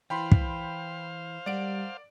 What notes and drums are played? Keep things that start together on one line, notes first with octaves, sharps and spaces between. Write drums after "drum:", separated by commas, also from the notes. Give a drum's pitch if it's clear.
E3 E4 B4 C5 F5 G5 B5 C6
drum: kick
G3 A#4 D5 F#5 D7